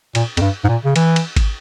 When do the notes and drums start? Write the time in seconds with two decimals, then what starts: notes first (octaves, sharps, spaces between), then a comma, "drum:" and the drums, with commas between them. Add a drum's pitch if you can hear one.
0.15 A#2, drum: cymbal
0.37 F2, drum: cymbal
0.41 G2
0.64 G#2
0.69 A#2
0.85 C#3
0.96 E3, drum: cymbal
1.16 drum: cymbal
1.36 drum: kick G#1, cymbal